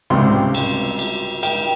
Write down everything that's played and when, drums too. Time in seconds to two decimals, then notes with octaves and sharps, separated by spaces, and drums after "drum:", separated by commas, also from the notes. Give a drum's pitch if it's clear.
0.10 C#2 C3 G3 C4 C6, drum: tom
0.54 drum: cymbal
0.99 drum: cymbal
1.43 G5, drum: cymbal